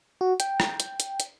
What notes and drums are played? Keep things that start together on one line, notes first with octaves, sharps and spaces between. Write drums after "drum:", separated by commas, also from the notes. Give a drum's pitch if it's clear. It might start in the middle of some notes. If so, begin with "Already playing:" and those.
F#4
G5, drum: hi-hat
drum: rim click
drum: hi-hat
drum: hi-hat
drum: hi-hat